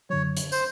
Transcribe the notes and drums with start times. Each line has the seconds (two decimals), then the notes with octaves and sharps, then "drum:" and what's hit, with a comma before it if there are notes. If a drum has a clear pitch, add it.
0.10 F#2 D3 F#3 C#5
0.37 drum: hi-hat
0.52 C5, drum: tambourine